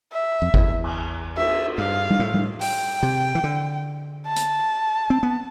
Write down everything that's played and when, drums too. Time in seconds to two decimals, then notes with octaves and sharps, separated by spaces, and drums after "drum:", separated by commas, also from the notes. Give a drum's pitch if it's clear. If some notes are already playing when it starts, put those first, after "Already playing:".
0.12 E5
0.42 F2
0.54 E2, drum: kick G#1
0.84 drum: cymbal
1.37 E5, drum: cymbal
1.78 G2 F5
2.10 drum: tom G3
2.19 A2
2.34 drum: tom G3
2.61 G5, drum: open hi-hat
3.03 C3
3.35 E3
3.44 D3
4.27 A5
4.36 drum: hi-hat
5.10 C4
5.23 B3